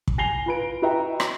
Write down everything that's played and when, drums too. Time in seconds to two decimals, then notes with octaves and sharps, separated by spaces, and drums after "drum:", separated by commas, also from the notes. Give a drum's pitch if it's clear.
0.08 drum: kick
0.18 G#5 A#6 C7 F7 G7
0.46 F4 B4 D7
0.82 F#4 B4 D#5 E5 G5 A#5
1.20 drum: rim click